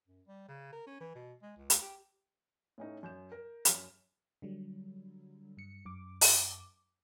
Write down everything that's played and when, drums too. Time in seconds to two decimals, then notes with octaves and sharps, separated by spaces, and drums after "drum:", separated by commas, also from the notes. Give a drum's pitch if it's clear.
0.08 F#2
0.27 G3
0.49 C#3
0.73 A#4
0.87 C#4
1.01 E3
1.15 B2
1.43 G#3
1.57 C#2
1.70 drum: hi-hat
1.82 G4
2.78 A2 C#4 D#4
3.03 F#2 G6 E7
3.32 A#4
3.65 F#2 F6 B6, drum: hi-hat
4.42 D3 F#3 G3
5.57 G2 C#7
5.85 F#2 D6
6.21 drum: open hi-hat